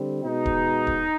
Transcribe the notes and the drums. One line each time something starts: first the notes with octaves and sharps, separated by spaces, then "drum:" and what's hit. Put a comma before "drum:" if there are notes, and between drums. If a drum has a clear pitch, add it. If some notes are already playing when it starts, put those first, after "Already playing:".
Already playing: D3 G3 C4
B2 G#3 B3 D#4
drum: kick D1
drum: kick D1